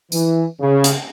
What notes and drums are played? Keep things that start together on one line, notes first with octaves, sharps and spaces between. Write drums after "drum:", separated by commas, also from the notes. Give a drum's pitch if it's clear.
E3, drum: tambourine
C#3
drum: hi-hat